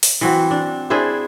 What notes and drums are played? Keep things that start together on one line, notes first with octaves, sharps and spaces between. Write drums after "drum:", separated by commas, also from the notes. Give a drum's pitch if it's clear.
drum: open hi-hat
E3 C4 F#4
D4
D4 E4 G#4 C5